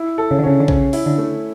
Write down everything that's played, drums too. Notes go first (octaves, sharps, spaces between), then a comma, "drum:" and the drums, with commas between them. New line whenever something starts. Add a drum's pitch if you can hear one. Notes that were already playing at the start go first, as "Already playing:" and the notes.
Already playing: E4
A4
C#3
D3
C#3 C#4
D3
C#3 C#4, drum: kick
E4, drum: open hi-hat
D3
A3